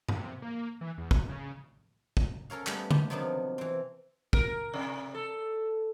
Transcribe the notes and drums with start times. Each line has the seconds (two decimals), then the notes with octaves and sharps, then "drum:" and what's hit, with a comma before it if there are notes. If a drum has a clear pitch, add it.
0.09 C3, drum: tom G2
0.42 A#3
0.81 E3
0.98 E2
1.11 E1, drum: kick
1.29 C#3
2.17 drum: kick
2.50 C#4 A4 A#4 C#5 F5
2.67 G3 A3 B3, drum: clap
2.91 G4, drum: tom C#3
3.10 C3 D#3 F3 F#3 B3 D4
3.58 E3 C4
4.33 A#4, drum: kick
4.74 C3
5.14 A4